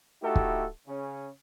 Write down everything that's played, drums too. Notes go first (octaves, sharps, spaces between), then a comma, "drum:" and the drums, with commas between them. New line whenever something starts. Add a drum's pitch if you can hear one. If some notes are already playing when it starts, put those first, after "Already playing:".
A3 D#4 E4 F#4 G4 A4
drum: kick
C#3 C#4